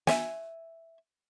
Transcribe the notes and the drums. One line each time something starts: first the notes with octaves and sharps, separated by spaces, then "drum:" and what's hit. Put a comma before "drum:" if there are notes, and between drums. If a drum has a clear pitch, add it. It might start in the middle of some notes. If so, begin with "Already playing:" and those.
E5 G#5, drum: snare